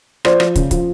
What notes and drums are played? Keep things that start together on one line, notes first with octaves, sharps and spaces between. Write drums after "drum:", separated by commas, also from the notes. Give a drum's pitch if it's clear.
F3 C5 D5, drum: rim click
F3, drum: rim click
C#3, drum: kick, hi-hat
F3, drum: kick, hi-hat